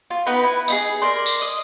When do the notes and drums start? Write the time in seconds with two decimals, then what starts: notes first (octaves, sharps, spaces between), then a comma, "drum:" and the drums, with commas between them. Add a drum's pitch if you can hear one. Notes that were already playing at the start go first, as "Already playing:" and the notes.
0.10 F4
0.26 B3 D#4 B4 B5
0.43 E4 B4
0.68 D#4 E4 G#4, drum: tambourine
1.02 A#4 D5 C6
1.26 drum: tambourine
1.42 D#5